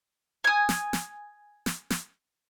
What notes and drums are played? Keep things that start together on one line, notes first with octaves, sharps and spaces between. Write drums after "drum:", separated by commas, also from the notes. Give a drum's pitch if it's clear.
G#5 D#6
drum: snare
drum: snare
drum: snare
drum: snare